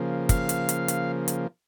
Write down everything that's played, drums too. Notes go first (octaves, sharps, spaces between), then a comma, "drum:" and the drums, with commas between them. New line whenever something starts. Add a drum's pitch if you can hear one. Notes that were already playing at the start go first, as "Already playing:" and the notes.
Already playing: C#3 F3 A#3
F5, drum: kick, hi-hat
drum: hi-hat
drum: hi-hat
drum: hi-hat
drum: hi-hat